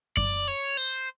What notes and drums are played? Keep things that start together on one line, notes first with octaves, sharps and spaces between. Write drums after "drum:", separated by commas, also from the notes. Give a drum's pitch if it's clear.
D5, drum: kick F#2
C#5
C5